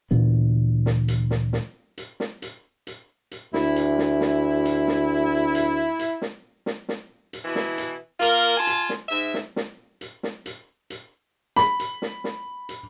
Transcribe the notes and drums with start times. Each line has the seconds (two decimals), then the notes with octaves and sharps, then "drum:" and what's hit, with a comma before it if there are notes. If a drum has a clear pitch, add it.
0.11 D2 A#2 E3 B3
0.86 drum: snare
1.08 drum: hi-hat
1.31 drum: snare
1.53 drum: snare
1.98 drum: hi-hat
2.20 drum: snare
2.42 drum: hi-hat
2.87 drum: hi-hat
3.31 drum: hi-hat
3.54 D2 E4, drum: snare
3.76 drum: hi-hat
3.98 drum: snare
4.21 drum: snare
4.65 drum: hi-hat
4.88 drum: snare
5.55 drum: hi-hat
5.99 drum: hi-hat
6.22 drum: snare
6.66 drum: snare
6.89 drum: snare
7.33 drum: hi-hat
7.44 B2 E3 E4
7.55 drum: snare
7.78 drum: hi-hat
8.20 A#3 F4 A#4, drum: hi-hat
8.57 F4 G#5 A5
8.67 drum: hi-hat
8.89 drum: snare
9.09 G#2 E5
9.34 drum: snare
9.56 drum: snare
10.01 drum: hi-hat
10.23 drum: snare
10.46 drum: hi-hat
10.90 drum: hi-hat
11.56 B5, drum: snare
11.80 drum: hi-hat
12.02 drum: snare
12.24 drum: snare
12.69 drum: hi-hat